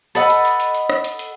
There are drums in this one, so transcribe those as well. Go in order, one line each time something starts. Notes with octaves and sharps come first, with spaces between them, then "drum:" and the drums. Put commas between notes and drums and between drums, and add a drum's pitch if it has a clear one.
A4 B4 D#5 F#5, drum: hi-hat
drum: hi-hat
drum: hi-hat
drum: hi-hat
drum: hi-hat
drum: rim click
drum: hi-hat
drum: hi-hat